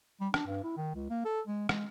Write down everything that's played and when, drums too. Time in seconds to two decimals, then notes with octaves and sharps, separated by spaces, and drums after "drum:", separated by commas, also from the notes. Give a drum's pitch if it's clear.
0.21 G3
0.34 D4, drum: rim click
0.47 G2
0.64 E4
0.77 D#3
0.95 C#2
1.10 A#3
1.25 A4
1.47 G#3
1.69 G#3, drum: rim click